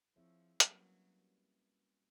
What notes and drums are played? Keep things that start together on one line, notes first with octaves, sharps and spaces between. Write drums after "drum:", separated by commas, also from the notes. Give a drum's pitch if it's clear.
F3 C4 E4 G#4 C#5 E5
F#3 G3 A#3 C#4 F#4 B4, drum: hi-hat